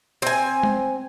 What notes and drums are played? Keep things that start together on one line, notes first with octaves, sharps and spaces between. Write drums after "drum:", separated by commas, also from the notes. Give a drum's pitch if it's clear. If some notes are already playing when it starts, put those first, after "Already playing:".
C4 G#5
drum: tom G#3